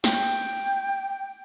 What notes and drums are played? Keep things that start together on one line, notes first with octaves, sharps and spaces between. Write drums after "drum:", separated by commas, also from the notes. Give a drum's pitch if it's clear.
G5, drum: snare